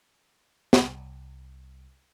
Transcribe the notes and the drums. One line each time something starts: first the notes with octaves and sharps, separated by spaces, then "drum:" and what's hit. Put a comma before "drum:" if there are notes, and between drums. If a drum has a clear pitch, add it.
C2, drum: snare